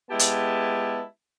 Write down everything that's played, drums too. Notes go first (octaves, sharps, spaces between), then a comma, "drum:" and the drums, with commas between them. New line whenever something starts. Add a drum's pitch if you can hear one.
G#3 B3 E4 G4 A5
drum: hi-hat